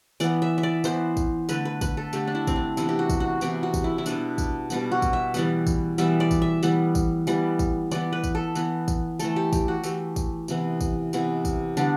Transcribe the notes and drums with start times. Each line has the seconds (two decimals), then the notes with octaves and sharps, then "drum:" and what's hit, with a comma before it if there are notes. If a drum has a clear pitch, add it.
0.20 E3 B3 D5, drum: tambourine
0.42 E5
0.58 E5
0.63 D5
0.84 E3 B3 C5, drum: tambourine
1.17 drum: kick, tambourine
1.49 D3 A3 B4, drum: tambourine
1.65 B4
1.81 B4, drum: kick, tambourine
1.97 A4
2.13 D3 A3 G4, drum: tambourine
2.27 D4
2.35 E4
2.47 C4, drum: kick, tambourine
2.56 D4
2.77 C3 E3 B3 E4, drum: tambourine
2.89 G4
2.99 F#4
3.09 drum: kick, tambourine
3.20 F#4
3.41 C3 E3 B3 G4, drum: tambourine
3.63 F#4
3.74 drum: kick, tambourine
3.84 E4
3.98 E4
4.06 B2 G3 B3 D4, drum: tambourine
4.38 drum: kick, tambourine
4.70 B2 G3 B3, drum: tambourine
4.92 F#4
5.02 drum: kick, tambourine
5.13 E5
5.34 E3 G3 B3, drum: tambourine
5.67 drum: kick, tambourine
5.98 E3 G3 B3 E5, drum: tambourine
6.20 D5
6.31 drum: kick, tambourine
6.42 E5
6.63 E3 G3 B3, drum: tambourine
6.95 drum: kick, tambourine
7.27 E3 G3 B3, drum: tambourine
7.59 drum: kick, tambourine
7.91 E3 B3 D5, drum: tambourine
8.13 B4
8.24 drum: kick, tambourine
8.35 A4
8.55 E3 B3, drum: tambourine
8.88 drum: kick, tambourine
9.19 E3 A3 A4, drum: tambourine
9.36 G4
9.53 G4, drum: kick, tambourine
9.68 F#4
9.84 E3 A3 G4, drum: tambourine
10.16 drum: kick, tambourine
10.48 C3 E3 B3, drum: tambourine
10.81 drum: kick, tambourine
11.13 C3 E3 B3, drum: tambourine
11.45 drum: kick, tambourine
11.77 D3 G3 B3 D4, drum: tambourine